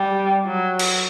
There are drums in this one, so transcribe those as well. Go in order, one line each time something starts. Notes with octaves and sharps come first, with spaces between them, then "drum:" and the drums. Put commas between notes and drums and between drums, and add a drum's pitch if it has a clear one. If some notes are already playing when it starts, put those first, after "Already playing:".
Already playing: G3
F#3
drum: cymbal